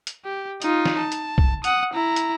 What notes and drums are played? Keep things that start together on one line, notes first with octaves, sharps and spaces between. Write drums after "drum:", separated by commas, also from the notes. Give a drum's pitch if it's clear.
drum: hi-hat
G4
D#4 F4, drum: hi-hat
drum: snare
A5
drum: hi-hat
drum: kick B1
F#5 D#6, drum: hi-hat
E4 A#5
drum: hi-hat